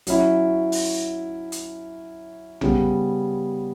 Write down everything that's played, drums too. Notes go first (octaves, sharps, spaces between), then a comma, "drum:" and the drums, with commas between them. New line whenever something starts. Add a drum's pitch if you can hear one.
F#3 C#4 E4, drum: hi-hat
drum: open hi-hat
drum: hi-hat
C#3 G3 B3, drum: tom A#1